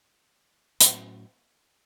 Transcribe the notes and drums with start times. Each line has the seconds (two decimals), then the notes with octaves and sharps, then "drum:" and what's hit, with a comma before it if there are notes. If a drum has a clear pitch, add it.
0.81 A2 F#3 C#4, drum: hi-hat